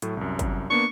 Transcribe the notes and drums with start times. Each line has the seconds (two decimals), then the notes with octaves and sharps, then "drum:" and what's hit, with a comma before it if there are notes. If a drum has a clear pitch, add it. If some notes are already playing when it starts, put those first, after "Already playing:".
0.02 A2 F#3 A3, drum: hi-hat
0.17 C2 F#2
0.39 drum: kick, hi-hat
0.70 A#3 B3 D4 C#6